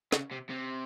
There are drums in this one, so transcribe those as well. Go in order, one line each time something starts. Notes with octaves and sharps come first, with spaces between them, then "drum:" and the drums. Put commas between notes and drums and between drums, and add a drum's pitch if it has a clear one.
C#3, drum: snare
C3
C3